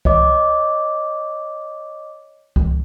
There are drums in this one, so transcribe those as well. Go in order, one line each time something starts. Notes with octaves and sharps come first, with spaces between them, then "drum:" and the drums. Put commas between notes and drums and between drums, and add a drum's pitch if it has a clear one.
C#5 D#5 D6, drum: kick C2
drum: kick C2